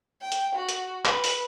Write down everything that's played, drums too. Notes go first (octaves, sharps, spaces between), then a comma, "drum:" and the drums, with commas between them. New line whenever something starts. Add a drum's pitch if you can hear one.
G5
drum: hi-hat
F#4
drum: hi-hat
B4, drum: clap
drum: open hi-hat